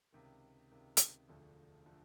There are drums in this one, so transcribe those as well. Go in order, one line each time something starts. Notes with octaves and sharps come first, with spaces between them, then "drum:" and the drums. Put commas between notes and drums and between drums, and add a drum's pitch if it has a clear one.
C#2 C3 D#3
C#2 C3 D#3
drum: hi-hat
E1 D2 D3 F3 A3
D3 F3 A3